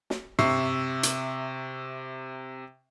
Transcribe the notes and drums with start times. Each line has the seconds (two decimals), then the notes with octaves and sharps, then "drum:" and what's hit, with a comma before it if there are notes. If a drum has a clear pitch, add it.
0.10 drum: snare
0.39 C3 E5 C#6 E6 C7, drum: tom
1.03 drum: hi-hat